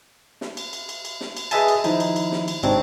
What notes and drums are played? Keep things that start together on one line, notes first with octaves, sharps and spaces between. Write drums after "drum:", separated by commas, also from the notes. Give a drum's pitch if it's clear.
drum: snare
drum: cymbal
drum: cymbal
drum: cymbal
drum: cymbal
drum: snare
drum: cymbal
G#4 B4 D#5 E5 G#5 A5, drum: cymbal
drum: cymbal
D#3 F3 D#4 E4, drum: cymbal
drum: cymbal
drum: cymbal
drum: snare
drum: cymbal
G#1 C3 C4 D4 D#4 C#5, drum: cymbal